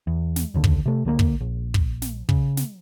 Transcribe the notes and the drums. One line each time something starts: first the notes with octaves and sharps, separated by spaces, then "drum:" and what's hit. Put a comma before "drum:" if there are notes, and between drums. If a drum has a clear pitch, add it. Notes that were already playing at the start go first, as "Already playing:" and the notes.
E2
drum: snare
F1 D#2 D3
drum: kick
C3 A3
C#2 D3 A3 A#3
drum: kick
A#1
drum: kick
drum: snare
C#3, drum: kick
drum: snare